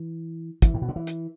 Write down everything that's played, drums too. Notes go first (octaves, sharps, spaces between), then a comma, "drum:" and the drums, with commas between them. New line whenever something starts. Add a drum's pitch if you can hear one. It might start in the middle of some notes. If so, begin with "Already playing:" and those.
Already playing: E3
E3, drum: kick, hi-hat
A2
B2
D3
E3
drum: hi-hat